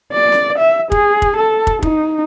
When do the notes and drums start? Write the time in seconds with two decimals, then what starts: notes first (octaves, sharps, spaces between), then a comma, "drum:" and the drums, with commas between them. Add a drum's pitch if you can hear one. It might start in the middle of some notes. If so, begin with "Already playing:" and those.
0.13 D5
0.32 drum: snare C#4
0.59 E5
0.92 G#4, drum: kick
1.22 drum: kick
1.37 A4
1.67 drum: kick
1.82 D#4, drum: kick